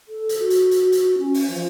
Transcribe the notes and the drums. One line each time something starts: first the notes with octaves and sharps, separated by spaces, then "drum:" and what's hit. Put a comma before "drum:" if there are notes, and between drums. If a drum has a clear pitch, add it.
A4
drum: hi-hat
F#4
drum: hi-hat
drum: hi-hat
drum: hi-hat
C#4
drum: open hi-hat
F3